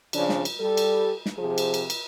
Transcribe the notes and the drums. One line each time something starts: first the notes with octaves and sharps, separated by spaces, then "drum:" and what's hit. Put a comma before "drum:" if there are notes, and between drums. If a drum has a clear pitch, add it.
C#3 F3 D4 D5, drum: cymbal
drum: snare
drum: cymbal
G3 A4
drum: cymbal
drum: snare
C3 F3 G#4
drum: cymbal
drum: cymbal
drum: cymbal